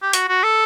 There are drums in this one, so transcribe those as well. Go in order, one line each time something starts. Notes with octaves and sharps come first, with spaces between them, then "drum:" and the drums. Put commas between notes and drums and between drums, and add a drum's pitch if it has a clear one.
G4
F#4, drum: hi-hat
F#4
A4